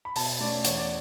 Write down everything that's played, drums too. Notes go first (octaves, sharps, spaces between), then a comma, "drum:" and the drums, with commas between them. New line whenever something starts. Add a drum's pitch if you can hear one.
B5
B2 A5, drum: open hi-hat
A3 C#4 D5
E2 C#5, drum: hi-hat
D5